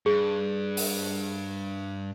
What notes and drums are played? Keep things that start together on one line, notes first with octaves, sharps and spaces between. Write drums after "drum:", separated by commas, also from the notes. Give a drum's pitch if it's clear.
G2 G#4
drum: open hi-hat